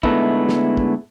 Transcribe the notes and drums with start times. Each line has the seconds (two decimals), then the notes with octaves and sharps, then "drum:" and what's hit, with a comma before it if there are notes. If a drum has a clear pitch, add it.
0.03 D3 G#3 A3 B3 D#4 E4, drum: kick
0.49 drum: snare
0.77 drum: kick